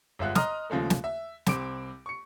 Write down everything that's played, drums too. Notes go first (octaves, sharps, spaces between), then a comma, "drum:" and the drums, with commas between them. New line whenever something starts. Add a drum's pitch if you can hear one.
G1 G#3 F4 E5 F#5 F#6
D#5 A#5 C6 D#6 F6, drum: snare
D#2 C#3 F3 G#3 A3
drum: snare
E5
C2 C4 D6 D7, drum: snare
C#6 C#7